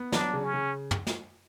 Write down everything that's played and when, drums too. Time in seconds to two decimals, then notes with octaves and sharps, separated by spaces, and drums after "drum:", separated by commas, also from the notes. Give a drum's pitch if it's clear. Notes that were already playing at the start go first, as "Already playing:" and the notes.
Already playing: B3
0.12 F#3 D4, drum: snare
0.33 C#3
0.44 C#4
0.54 C#3
0.91 drum: tom
1.07 drum: snare